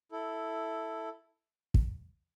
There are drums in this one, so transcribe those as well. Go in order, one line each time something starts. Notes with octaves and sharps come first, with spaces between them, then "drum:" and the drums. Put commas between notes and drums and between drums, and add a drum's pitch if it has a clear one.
E4 A4
drum: kick